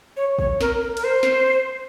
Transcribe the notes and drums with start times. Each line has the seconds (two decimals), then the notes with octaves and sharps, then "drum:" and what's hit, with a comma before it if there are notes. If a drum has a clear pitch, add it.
0.17 C#5
0.39 C#5, drum: kick
0.61 A#4, drum: snare
0.82 A#4
0.97 A#4, drum: cymbal
1.04 C5
1.23 drum: snare